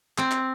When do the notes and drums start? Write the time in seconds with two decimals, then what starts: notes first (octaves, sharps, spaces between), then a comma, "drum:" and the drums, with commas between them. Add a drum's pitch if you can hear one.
0.18 C4, drum: clap
0.31 drum: clap